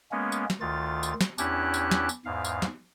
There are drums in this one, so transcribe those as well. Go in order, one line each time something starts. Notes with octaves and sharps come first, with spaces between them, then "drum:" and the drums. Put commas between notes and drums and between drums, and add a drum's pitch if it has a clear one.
G#3 A#3 B3 C#4
drum: tambourine
drum: snare
D2 D#3 F4 A6
drum: tambourine
drum: snare
E2 C#4 D4 E4 G4 F#6, drum: tambourine
drum: tambourine
drum: snare
drum: tambourine
E2 G#2 F5
drum: tambourine
drum: snare